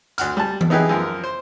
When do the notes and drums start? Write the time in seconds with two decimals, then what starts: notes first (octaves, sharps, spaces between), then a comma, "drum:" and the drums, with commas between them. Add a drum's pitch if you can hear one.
0.18 D2 F#5 F6, drum: hi-hat
0.37 G3 A5
0.61 drum: tom E3
0.70 B3 D#4 E4 G4 G#4 B4
0.89 F#2 F3 A#4
1.24 C5